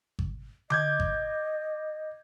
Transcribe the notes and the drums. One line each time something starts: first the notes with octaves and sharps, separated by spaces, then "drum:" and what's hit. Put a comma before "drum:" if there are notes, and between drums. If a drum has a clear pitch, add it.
drum: kick G#1
D#5 D6 G6 G#6, drum: tom D3
drum: kick G#1